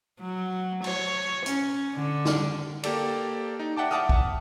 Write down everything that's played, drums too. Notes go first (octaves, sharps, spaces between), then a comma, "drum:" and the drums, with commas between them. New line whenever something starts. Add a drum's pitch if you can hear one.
F#3
C#5, drum: cymbal
C#4, drum: hi-hat
D3
drum: snare
A#3 G4 A4 D5, drum: cymbal
D#4
D5 E5 F#5 G5 A5 D6
E5 F#5 A5 D6 D#6 F6, drum: rim click
drum: kick